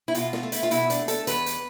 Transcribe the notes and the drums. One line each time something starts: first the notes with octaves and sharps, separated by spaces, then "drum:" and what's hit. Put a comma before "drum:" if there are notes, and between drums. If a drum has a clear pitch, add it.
E4
B2 F4, drum: hi-hat
F4, drum: snare
A3
E4, drum: hi-hat
F4
B2 E4, drum: hi-hat
D4, drum: hi-hat
A3
A4, drum: hi-hat
E2 B4, drum: hi-hat
drum: hi-hat